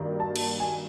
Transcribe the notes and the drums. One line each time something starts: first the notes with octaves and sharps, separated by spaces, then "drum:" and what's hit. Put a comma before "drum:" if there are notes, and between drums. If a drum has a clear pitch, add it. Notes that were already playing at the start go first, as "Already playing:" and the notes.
Already playing: G2 D#3 F#3 A#3
A5
drum: cymbal
G#5